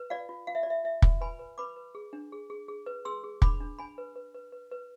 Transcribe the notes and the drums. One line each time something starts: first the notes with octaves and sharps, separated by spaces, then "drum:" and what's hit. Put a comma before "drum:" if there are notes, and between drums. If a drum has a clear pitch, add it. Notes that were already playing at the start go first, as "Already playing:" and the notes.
Already playing: B4
F4 D5 F5
F4
F4 F5
E5
D5
F4 E5
F4 E5
F4, drum: kick
B4 G#5 B5
B4
B4 B5 D6
B4
G#4
D4
G#4
G#4
G#4
B4
G#4 C6 E6
G#4
D4 B5 D6, drum: kick
D4
D4 G#5 B5
B4
B4
B4
B4
B4